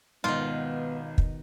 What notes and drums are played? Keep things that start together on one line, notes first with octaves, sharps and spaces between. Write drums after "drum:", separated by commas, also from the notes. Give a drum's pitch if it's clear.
G#1 B2 D#3 B3 F4
drum: kick